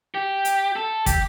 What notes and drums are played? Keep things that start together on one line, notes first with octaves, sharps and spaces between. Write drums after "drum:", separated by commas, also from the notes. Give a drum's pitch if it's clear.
G4
drum: hi-hat
A4
G4, drum: kick, hi-hat